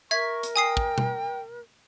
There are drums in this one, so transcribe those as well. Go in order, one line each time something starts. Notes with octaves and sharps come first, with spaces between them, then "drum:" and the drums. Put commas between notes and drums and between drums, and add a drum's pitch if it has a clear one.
A#4 E5 C#6 G#6 B6
drum: hi-hat
G5 G#5 D#6 C7
drum: kick
drum: tom B2